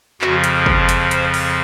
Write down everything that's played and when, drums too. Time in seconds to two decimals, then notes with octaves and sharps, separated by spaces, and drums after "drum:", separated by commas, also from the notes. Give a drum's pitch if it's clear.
0.21 F2 C#3 F3 F#4, drum: clap
0.44 drum: hi-hat
0.66 drum: kick
0.89 drum: hi-hat
1.11 C5, drum: hi-hat
1.34 drum: open hi-hat